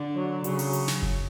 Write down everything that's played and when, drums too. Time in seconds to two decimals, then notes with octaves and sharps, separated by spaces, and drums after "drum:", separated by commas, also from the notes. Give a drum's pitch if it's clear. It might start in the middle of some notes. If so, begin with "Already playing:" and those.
Already playing: D3
0.15 F#3
0.44 C#3 F#3, drum: hi-hat
0.59 drum: open hi-hat
0.73 drum: hi-hat
0.88 drum: snare
1.02 drum: kick F#1